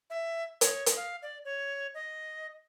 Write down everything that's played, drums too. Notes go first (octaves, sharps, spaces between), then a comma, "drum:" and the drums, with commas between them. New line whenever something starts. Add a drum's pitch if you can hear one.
E5
C#5, drum: hi-hat
drum: hi-hat
F5
D5
C#5
D#5